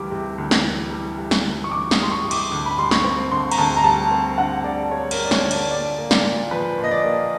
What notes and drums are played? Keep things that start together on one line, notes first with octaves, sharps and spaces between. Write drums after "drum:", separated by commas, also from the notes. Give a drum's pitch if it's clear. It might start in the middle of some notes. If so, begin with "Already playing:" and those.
Already playing: D2 E3 G3 D6
C3
D2
drum: snare
E3
G3
C3
drum: snare
D2
C#6
E3 D6
D#6, drum: snare
G3
C6
C#6
C3
D6, drum: cymbal
D2 D6
B5
G3 C6
C#6, drum: snare
C4
D3 C6
A#5, drum: cymbal
D2 A5
A#5
G3 A5
C4
D3 F#5
D2 D5
G3 C#5
A#4, drum: cymbal
C4
D5
C#5, drum: snare
D3
D5, drum: cymbal
A#2 D5
A#3
D5, drum: snare
A#2
F3 B4
A#2
D#5
D5
A#3